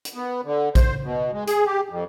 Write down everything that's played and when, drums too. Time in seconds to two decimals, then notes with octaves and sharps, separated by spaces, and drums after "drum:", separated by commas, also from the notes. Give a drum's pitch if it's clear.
0.05 drum: hi-hat
0.15 B3
0.44 D3
0.75 C5, drum: kick A#1, hi-hat
1.03 B2
1.33 G#3
1.47 G#4, drum: hi-hat
1.66 G4
1.89 F2